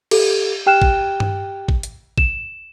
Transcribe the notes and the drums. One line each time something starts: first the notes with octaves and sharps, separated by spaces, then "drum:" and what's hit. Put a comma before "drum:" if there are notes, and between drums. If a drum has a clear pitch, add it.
G4 A4, drum: cymbal
G4 G5 F6 F#6 E7
drum: kick
drum: tom G2
drum: kick
drum: hi-hat
E7, drum: kick